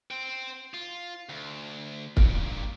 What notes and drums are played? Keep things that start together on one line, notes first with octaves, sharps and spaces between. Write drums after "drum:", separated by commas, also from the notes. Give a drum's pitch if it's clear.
C5 G5
F4
D2
G2 A#2, drum: kick